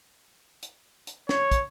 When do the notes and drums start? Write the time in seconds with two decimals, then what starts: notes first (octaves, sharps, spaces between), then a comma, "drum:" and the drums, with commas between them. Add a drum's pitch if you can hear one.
0.62 drum: hi-hat
1.07 drum: hi-hat
1.29 C#5, drum: snare
1.52 drum: kick, hi-hat